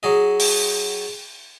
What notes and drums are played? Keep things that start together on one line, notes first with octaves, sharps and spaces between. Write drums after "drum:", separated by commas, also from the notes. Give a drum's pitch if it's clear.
F#3 G#4 D#5
drum: open hi-hat